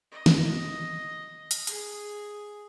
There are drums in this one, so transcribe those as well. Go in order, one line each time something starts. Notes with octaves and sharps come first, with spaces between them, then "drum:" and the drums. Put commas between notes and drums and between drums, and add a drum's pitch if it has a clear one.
D#5
drum: snare
drum: hi-hat
G#4, drum: hi-hat